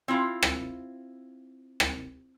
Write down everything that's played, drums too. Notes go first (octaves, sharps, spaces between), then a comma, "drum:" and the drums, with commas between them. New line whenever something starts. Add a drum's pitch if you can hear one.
C4 E4 F4
drum: rim click
drum: rim click